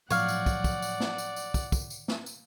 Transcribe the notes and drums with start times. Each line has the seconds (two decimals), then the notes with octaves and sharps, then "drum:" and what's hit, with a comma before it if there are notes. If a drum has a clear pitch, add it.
0.10 A2 F3 F#3 C#5 D5 F5 F#5, drum: tambourine
0.28 drum: tambourine
0.46 drum: kick, tambourine
0.64 drum: kick, tambourine
0.82 drum: tambourine
1.00 drum: snare
1.18 drum: tambourine
1.36 drum: tambourine
1.54 drum: kick, tambourine
1.72 drum: kick, tambourine
1.90 drum: tambourine
2.08 drum: snare
2.26 drum: tambourine